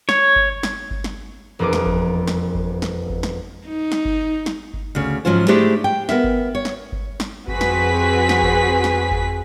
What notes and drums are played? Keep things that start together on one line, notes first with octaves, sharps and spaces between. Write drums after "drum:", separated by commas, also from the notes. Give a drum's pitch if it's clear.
C#5, drum: snare
drum: kick G1
drum: snare
drum: kick G1
drum: snare
E1 F2 G#4 A#4 D6
drum: snare
drum: kick G1
drum: snare
drum: kick G1
drum: snare
drum: kick G1
drum: snare
D#4
drum: snare
drum: kick G1
drum: snare
drum: kick G1
D2 C#3
G#2 F3 F#3 C#4 F4 C5
A3 D4 E4 G4 G#4 C5
G5
B3 A#4 E5, drum: snare
drum: kick G1
C#5
drum: snare
drum: kick G1
drum: snare
F2 C4 F#4 G#4 B4 B6, drum: kick G1
drum: snare
drum: snare
drum: kick G1
drum: snare
drum: kick G1